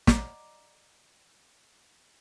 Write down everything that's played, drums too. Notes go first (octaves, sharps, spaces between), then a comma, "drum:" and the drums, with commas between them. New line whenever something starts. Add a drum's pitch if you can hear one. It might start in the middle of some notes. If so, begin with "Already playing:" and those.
D5 D#5 F#5 A#5 D6, drum: snare